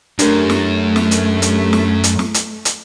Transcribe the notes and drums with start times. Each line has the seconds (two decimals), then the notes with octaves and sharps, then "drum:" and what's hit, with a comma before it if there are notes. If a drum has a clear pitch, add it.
0.19 F#2 A3 D4 G4 A#4, drum: hi-hat
0.50 drum: snare
0.96 drum: snare
1.11 drum: hi-hat
1.42 drum: hi-hat
1.73 drum: snare
2.04 drum: hi-hat
2.19 drum: snare
2.34 drum: hi-hat
2.65 drum: hi-hat